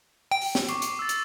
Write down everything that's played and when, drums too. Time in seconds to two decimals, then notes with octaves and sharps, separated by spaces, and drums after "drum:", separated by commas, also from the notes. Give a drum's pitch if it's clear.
0.31 G5
0.42 drum: open hi-hat
0.55 drum: snare
0.69 C#6 D6 C7, drum: hi-hat
0.82 drum: hi-hat
0.99 E6 A6
1.09 drum: hi-hat